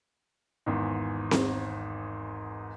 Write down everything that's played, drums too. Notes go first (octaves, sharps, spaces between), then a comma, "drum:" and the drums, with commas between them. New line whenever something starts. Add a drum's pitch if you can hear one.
G#1 E2 G#2
drum: snare C4